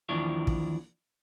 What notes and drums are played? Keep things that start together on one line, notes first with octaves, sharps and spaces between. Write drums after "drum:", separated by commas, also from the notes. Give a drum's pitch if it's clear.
D#2 E3 F3 D4 E4 C#5
drum: kick